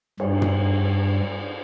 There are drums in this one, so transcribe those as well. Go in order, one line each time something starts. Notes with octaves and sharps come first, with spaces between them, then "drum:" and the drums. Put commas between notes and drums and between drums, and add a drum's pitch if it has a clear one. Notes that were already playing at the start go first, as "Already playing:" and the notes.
G2, drum: cymbal
drum: tom